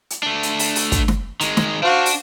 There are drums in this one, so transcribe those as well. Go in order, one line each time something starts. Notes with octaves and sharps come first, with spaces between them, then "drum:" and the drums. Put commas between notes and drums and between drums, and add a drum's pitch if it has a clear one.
drum: hi-hat
A3 D4
drum: hi-hat
drum: open hi-hat
drum: open hi-hat
drum: kick, hi-hat
drum: snare
D#3 G#3, drum: hi-hat
drum: snare
D4 F#4 C5 F5
drum: open hi-hat